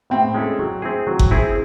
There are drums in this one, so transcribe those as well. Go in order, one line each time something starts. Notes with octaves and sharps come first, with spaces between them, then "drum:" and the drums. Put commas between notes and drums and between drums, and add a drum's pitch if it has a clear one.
A2 C4
G#3 C#4 E4 A4
F#3
C4 E4 G#4
F#3
drum: kick F#1
C4 E4 G#4